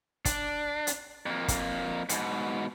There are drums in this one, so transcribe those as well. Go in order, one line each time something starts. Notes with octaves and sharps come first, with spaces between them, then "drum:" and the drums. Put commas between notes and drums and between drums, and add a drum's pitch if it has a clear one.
D4, drum: kick, hi-hat
drum: hi-hat
F2 A#3
drum: kick, hi-hat
G#2 B2, drum: hi-hat